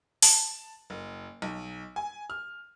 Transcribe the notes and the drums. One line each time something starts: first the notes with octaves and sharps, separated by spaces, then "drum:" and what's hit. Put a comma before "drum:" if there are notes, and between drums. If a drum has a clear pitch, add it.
A5, drum: open hi-hat
F#1
B1
G#5
F6